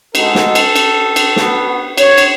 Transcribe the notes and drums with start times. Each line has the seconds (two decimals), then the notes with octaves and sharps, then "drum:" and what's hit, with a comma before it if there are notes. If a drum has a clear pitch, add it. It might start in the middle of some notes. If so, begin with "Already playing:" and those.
0.15 G#3 D#4 F#4 A4, drum: cymbal
0.35 drum: snare
0.55 drum: cymbal
0.76 drum: cymbal
1.16 drum: cymbal
1.36 B3 F#4, drum: snare
1.98 C#5, drum: cymbal
2.18 drum: cymbal